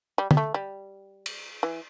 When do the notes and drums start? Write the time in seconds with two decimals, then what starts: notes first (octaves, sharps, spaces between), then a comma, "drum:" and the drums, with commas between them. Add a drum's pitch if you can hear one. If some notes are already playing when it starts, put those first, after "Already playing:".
0.18 G3
0.31 G3, drum: tom
0.37 A3
0.54 G3
1.26 drum: cymbal
1.63 E3